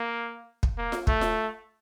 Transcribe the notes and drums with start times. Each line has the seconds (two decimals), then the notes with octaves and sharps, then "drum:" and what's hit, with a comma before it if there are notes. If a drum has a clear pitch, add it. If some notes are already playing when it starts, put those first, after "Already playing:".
Already playing: A#3
0.63 drum: kick
0.78 A#3
0.92 drum: snare F4
1.07 A3, drum: kick
1.21 drum: snare F4